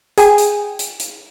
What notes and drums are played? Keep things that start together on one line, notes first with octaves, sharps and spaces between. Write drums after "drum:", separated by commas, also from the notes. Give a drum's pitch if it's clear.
G#4 G5 G#5, drum: hi-hat
drum: hi-hat
drum: hi-hat
drum: hi-hat